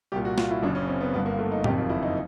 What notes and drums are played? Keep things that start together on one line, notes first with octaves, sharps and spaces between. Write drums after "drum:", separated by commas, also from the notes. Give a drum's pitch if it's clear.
C2 A#2 G4
F#4
F4, drum: snare
E4
F#1 F#2 C#3 D4
C#4
C4
B3
G1 G2 D3 B3
A#3
A3
D#4
F#1 F2 C3 D#3 G4, drum: tom A2
F4
E4
D#4